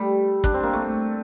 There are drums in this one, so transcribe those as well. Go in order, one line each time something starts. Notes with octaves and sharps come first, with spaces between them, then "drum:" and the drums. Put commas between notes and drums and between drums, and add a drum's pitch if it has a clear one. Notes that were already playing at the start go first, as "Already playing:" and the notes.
Already playing: G3 A3
D4, drum: kick
C4
A#3
A3